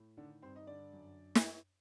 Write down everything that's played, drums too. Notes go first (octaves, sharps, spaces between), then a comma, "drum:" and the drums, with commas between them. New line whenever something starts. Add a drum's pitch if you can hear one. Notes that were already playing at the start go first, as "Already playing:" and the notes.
Already playing: A2
D3 D#3 D4
G2 C4 C5
D#4 D#5
D3 D4 D5
F#2
drum: snare